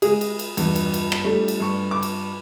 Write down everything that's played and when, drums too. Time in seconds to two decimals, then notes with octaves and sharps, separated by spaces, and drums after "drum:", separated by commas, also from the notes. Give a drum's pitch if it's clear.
0.02 G#3 G#4, drum: cymbal
0.21 drum: cymbal
0.39 drum: cymbal
0.57 E2 G2, drum: cymbal
0.75 drum: cymbal
0.94 drum: cymbal
1.12 drum: rim click
1.25 G3 A3 D4
1.48 drum: cymbal
1.60 G2 C#6
1.91 D6
2.03 drum: cymbal